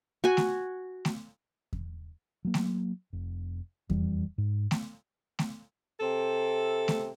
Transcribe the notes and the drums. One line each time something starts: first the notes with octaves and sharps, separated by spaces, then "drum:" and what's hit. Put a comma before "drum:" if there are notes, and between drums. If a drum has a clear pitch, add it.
F#4 G#5
drum: snare A3
drum: snare A3
drum: kick E2
F#3 A#3
drum: snare A3
F1
F2 E3 G3, drum: kick E2
G#2
drum: snare A3
drum: snare A3
C3 C4 A4
drum: snare A3